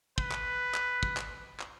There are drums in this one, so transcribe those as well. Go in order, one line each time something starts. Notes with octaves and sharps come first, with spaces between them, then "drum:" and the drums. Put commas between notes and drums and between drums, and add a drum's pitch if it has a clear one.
B4, drum: kick
drum: clap
drum: clap
drum: kick
drum: clap
drum: clap